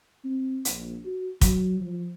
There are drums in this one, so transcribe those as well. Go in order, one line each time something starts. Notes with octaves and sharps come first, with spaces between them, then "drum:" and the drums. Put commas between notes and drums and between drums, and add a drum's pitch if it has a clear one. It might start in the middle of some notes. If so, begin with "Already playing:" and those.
C4
A#1, drum: hi-hat
F#4
F#3, drum: kick, hi-hat
F3